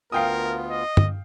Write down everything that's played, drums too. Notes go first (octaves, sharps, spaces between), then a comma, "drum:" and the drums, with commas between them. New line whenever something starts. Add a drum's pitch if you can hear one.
D2 B3 F4 A#4 F5 G5 D#6
D#5
drum: tom